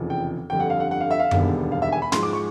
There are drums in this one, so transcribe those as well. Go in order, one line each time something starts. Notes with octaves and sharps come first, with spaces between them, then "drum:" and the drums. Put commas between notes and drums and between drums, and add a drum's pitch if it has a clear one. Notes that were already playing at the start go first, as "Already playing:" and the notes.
Already playing: F1 E2 C#3 F3
G5
G1 F2 D3 G3 G5
F#5
F5
F#5
F#5
F5
E5
F5
E1 D#2 D3 G3 B3, drum: tom F#2
F5
E5
G#5
B5
G#2 F3 G#3 C6, drum: snare
D6
C#6